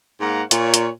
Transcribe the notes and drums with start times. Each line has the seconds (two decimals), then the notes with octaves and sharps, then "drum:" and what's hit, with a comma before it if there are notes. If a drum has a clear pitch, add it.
0.20 G#2 A#3 F5 F#5 A#5
0.51 A#2 C#5, drum: hi-hat
0.74 drum: hi-hat